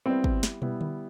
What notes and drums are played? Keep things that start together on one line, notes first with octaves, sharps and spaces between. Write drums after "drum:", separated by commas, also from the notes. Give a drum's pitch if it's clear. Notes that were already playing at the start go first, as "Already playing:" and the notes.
G3 B3 C4 E4 B4 D5
drum: kick
drum: snare
G3 B3 E4, drum: tom
drum: tom D3